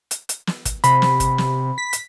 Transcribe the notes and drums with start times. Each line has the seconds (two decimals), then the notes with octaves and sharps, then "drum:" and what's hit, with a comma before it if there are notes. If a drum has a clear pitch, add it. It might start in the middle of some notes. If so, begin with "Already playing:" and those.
0.11 drum: hi-hat
0.29 drum: hi-hat
0.47 drum: snare
0.65 drum: kick, hi-hat
0.84 C3 B5, drum: hi-hat
1.02 drum: snare
1.20 drum: kick, hi-hat
1.38 drum: snare
1.78 B6
1.93 drum: hi-hat